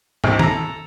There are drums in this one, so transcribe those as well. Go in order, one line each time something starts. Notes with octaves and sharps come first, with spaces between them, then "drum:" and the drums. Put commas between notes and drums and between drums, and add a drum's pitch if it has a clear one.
C2 A2 C3, drum: tom
A4 A#5, drum: tom D#3